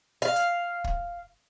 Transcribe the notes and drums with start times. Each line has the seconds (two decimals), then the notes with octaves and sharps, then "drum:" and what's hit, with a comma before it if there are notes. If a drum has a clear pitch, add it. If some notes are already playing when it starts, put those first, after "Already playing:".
0.22 F5
0.36 drum: hi-hat
0.84 drum: kick